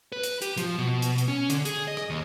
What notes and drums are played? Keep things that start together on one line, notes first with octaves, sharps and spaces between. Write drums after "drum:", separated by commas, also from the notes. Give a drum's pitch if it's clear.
B4
drum: hi-hat
G4, drum: hi-hat
F3, drum: hi-hat
B2
drum: hi-hat
drum: hi-hat
C#4
D3, drum: hi-hat
G#4, drum: hi-hat
D#5
drum: rim click
D#2